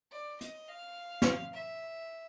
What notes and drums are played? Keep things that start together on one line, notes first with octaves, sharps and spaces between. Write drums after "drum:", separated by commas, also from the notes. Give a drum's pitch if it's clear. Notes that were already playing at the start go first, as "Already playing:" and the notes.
D5
D#5, drum: hi-hat
F5
drum: snare
E5